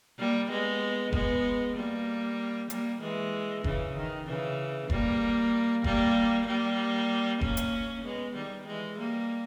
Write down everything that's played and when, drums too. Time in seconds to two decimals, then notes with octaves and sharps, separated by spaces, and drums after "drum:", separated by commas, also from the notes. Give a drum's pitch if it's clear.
0.19 G3 A#3
0.50 G#3 B3
1.13 G#3 B3, drum: kick F1
1.75 G3 A#3
2.70 G3 A#3, drum: hi-hat
3.01 E3 G#3
3.64 C#3 E3, drum: kick F1
3.96 D#3
4.27 C#3 E3
4.90 G3 A#3, drum: kick F1
5.84 G3 A#3, drum: kick F1
6.47 G3 A#3
7.41 A#3 C#4, drum: kick F1
7.57 drum: hi-hat
8.04 G#3 B3
8.35 D#3 G3
8.67 E3 G#3
8.98 G3 A#3